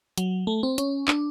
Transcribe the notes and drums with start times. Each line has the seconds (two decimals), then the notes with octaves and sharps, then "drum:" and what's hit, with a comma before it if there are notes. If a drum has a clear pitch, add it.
0.18 F#3, drum: hi-hat
0.47 A3
0.63 C4
0.78 C#4, drum: hi-hat
1.08 D4, drum: clap